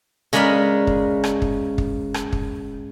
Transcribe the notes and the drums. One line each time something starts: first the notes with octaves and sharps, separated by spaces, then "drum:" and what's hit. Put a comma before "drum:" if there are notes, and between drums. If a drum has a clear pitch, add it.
C#3 G#3 A#4 D5 B5
drum: kick
drum: rim click
drum: kick
drum: kick
drum: rim click
drum: kick